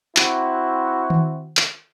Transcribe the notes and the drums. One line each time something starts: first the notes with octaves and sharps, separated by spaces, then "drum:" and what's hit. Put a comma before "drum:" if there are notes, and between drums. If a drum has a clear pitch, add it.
C4 E4 F#4, drum: clap
drum: tom D#3
drum: clap